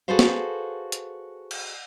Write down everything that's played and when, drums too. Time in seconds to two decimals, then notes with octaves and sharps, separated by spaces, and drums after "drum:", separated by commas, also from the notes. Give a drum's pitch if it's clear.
0.08 F#4 G#4 A4 B4 C5 F5
0.19 drum: snare
0.92 drum: hi-hat
1.51 drum: cymbal